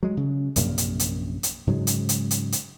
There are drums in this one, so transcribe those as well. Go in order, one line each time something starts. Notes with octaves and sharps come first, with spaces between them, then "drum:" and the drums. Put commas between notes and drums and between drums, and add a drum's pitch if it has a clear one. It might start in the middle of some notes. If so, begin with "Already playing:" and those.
F#3 G#3
C#3
A#1 F#2 C3 A#3, drum: hi-hat
drum: hi-hat
drum: hi-hat
drum: hi-hat
G#2 C#3 F#3 G#3
drum: hi-hat
drum: hi-hat
drum: hi-hat
drum: hi-hat